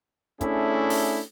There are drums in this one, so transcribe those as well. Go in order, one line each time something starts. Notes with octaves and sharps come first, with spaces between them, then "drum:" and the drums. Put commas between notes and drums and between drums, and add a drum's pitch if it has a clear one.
A3 C#4 D4 E4 G#4, drum: kick, hi-hat
drum: open hi-hat